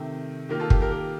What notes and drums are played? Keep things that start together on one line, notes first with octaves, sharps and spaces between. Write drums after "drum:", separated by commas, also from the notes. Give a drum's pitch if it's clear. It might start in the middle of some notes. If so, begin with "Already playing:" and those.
Already playing: C3 D#3 A3
D#3 A#3 F4 G4 A#4
F4 A4
G4, drum: kick
G4 A#4
G4 A#4